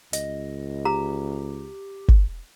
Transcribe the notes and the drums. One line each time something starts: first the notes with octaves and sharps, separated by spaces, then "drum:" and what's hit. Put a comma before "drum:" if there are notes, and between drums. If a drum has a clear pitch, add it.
C#2 D#5, drum: hi-hat
G4 A#5
drum: kick G1